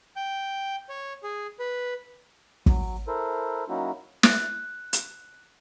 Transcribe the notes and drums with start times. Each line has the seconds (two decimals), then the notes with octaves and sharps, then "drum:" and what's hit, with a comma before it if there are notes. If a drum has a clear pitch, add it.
0.16 G5
0.89 C#5
1.23 G#4
1.59 B4
2.66 F#3, drum: kick
3.08 E4 A4 A#4 C5
3.69 F#3 A#3 C#4 D#4 E4 F#4
4.23 F#6, drum: snare
4.93 drum: hi-hat